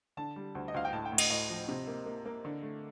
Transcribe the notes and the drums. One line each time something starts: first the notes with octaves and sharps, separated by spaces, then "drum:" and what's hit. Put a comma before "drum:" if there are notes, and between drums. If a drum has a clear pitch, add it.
D3 A5
G3
D2
D#5
D2 F5
G5
A2 A5
G5
A2
D#5, drum: cymbal
A2 D#5
F3
C3
A#3
A#3
A#3
D3
A3